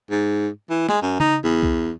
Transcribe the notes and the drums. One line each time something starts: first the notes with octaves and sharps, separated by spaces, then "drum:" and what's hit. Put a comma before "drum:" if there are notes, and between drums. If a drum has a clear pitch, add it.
G#2
E3
G#3, drum: snare
F#2
D#4, drum: tom C#3
E2
drum: kick C2